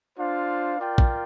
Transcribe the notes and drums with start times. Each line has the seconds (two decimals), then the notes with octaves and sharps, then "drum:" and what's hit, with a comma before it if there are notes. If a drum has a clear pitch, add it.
0.18 D4 F4 C5 F5
0.78 F4 A#4 D5 G5
0.98 drum: kick